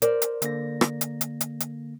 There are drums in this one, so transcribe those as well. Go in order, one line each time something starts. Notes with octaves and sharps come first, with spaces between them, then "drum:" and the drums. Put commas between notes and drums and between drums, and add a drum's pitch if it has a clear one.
A#4 C5 D5, drum: hi-hat
drum: hi-hat
D3 A#3 A#6, drum: hi-hat
drum: rim click
drum: hi-hat
drum: hi-hat
drum: hi-hat
drum: hi-hat